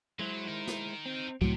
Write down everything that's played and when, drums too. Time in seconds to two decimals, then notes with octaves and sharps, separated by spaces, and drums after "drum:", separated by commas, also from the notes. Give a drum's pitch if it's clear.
0.19 F#3 G#3 E4 C5
0.49 D#4 A#4
0.67 drum: snare
1.06 C4
1.42 A2 C3 F#3, drum: kick